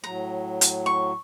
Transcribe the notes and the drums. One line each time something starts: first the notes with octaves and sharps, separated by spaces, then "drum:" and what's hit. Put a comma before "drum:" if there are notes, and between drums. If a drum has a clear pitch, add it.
A2 F#3 A#5
drum: hi-hat
C#6